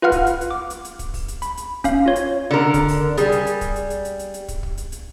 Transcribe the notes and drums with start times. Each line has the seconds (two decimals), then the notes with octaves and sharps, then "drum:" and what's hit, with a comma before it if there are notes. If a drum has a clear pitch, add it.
0.02 F4 B4 F5 F#5 F6
0.12 drum: kick, hi-hat
0.26 drum: hi-hat
0.41 drum: hi-hat
0.51 D6
0.70 drum: hi-hat
0.85 drum: hi-hat
0.99 drum: kick, hi-hat
1.14 drum: kick, open hi-hat
1.28 drum: hi-hat
1.42 B5, drum: hi-hat
1.57 drum: hi-hat
1.84 C#4 F5, drum: kick, hi-hat
2.06 F4 C#5
2.16 drum: hi-hat
2.51 D3 A#4
2.74 drum: kick, hi-hat
2.88 drum: kick, open hi-hat
3.17 G3 G#4, drum: hi-hat
3.32 drum: hi-hat
3.47 drum: hi-hat
3.61 drum: kick, hi-hat
3.76 drum: hi-hat
3.90 drum: hi-hat
4.05 drum: hi-hat
4.19 drum: hi-hat
4.34 drum: hi-hat
4.48 drum: kick, hi-hat
4.63 drum: kick
4.78 drum: hi-hat
4.92 drum: hi-hat